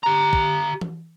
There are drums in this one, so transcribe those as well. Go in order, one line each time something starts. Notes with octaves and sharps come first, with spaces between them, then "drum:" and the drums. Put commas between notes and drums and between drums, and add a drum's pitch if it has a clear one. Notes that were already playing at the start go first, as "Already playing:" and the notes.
G4 A#5
drum: kick
drum: tom E3